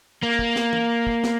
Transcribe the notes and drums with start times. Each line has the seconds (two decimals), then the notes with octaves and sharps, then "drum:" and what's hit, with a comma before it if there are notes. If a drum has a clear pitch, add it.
0.23 A#3
0.39 drum: kick
0.56 drum: snare
0.73 drum: tom
1.07 drum: kick
1.24 drum: snare